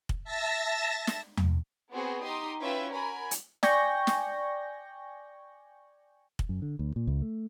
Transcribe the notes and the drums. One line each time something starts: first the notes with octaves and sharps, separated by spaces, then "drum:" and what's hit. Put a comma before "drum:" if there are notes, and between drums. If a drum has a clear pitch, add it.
drum: kick
E5 A5 E6 A6 A#6
drum: snare
drum: tom E2
B3 C4 F#4 G#4 B4 C5
D#4 G4 A#5 C6 D#6
C#4 E4 F4 B4 E5 G5
F#4 A#4 G#5 A#5 B5
drum: hi-hat
D5 G5 G#5 C#6 G6 A#6, drum: snare
drum: snare
drum: kick
F#2
D3
D2
A#2
C#2
A3